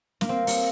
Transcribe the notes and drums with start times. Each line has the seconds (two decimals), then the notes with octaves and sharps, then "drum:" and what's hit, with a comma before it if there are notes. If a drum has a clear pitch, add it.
0.21 A#3, drum: snare
0.29 C4
0.47 A#3, drum: open hi-hat